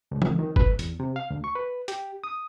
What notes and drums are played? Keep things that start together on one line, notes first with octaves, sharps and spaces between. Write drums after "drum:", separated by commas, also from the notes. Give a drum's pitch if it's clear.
C#2
drum: tom E3
D#3
B4, drum: kick
E2, drum: hi-hat
C3
F5
D2
C#6
B4
G4, drum: hi-hat
D#6